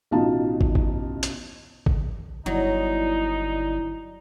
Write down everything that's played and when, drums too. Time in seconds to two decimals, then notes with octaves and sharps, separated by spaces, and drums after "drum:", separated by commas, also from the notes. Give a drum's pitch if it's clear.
0.11 A1 B2 D#4 F4 A5
0.61 drum: kick
0.75 drum: kick
1.23 drum: hi-hat
1.86 drum: kick
2.46 G1 F#3 D#4 E4 D5